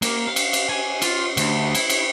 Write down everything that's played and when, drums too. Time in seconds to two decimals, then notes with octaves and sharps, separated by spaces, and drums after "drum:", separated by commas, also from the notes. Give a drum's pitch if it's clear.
0.02 A#3, drum: cymbal
0.27 F5
0.36 drum: cymbal
0.53 drum: cymbal
0.69 G#5
1.02 F4, drum: cymbal
1.37 D2, drum: cymbal
1.75 E4, drum: cymbal
1.90 drum: cymbal